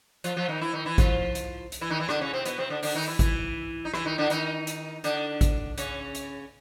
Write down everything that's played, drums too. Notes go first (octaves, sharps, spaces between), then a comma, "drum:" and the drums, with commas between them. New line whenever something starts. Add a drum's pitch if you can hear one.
F3 F4, drum: hi-hat
F3 F4
D#3 D#4
E3 E4
D#3 D#4
E3 E4
F3 F4, drum: kick G#1, hi-hat
drum: hi-hat
drum: hi-hat
E3 E4
D#3 D#4
E3 E4
D3 D4, drum: rim click
C#3 C#4
C3 C4
B2 B3, drum: hi-hat
C3 C4
D3 D4
D3 D4, drum: open hi-hat
D#3 D#4
E3 E4
E3 E4, drum: kick G#1, hi-hat
D#4
E3 E4, drum: rim click
D#3 D#4
D3 D4
D#3 D#4, drum: hi-hat
drum: hi-hat
D3 D4, drum: hi-hat
drum: kick G#1, hi-hat
C#3 C#4, drum: hi-hat
drum: hi-hat